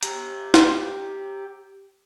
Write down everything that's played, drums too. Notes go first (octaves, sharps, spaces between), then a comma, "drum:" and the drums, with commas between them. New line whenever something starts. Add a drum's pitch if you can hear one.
G4 A#5, drum: hi-hat
drum: snare